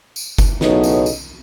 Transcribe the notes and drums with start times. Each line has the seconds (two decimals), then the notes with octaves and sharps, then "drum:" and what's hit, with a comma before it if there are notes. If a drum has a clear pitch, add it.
0.16 drum: tambourine
0.38 drum: kick F#1, tambourine
0.61 B1 A2 C#3 F#3 B3 D#4, drum: snare
0.83 drum: tambourine
1.06 drum: tambourine